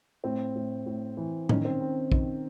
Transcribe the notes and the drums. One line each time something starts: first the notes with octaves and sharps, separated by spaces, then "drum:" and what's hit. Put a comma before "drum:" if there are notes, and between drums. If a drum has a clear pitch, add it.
A2 C4
A2
A2
E3
D#3 C#4, drum: tom A2
C4
C4
D#3, drum: kick A#1